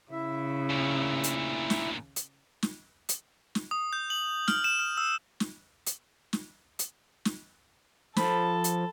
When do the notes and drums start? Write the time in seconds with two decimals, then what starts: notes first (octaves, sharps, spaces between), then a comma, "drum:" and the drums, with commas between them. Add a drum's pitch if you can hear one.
0.11 C#3 E4 E5
0.70 D2 A#2
1.24 drum: hi-hat
1.70 drum: snare
2.16 drum: hi-hat
2.63 drum: snare
3.09 drum: hi-hat
3.55 drum: snare
3.71 D#6
3.93 G6
4.10 F#7
4.48 F6, drum: snare
4.64 E7
4.79 F6
4.97 E6
5.40 drum: snare
5.86 drum: hi-hat
6.33 drum: snare
6.79 drum: hi-hat
7.25 drum: snare
8.16 F3 A4 B5, drum: snare
8.64 drum: hi-hat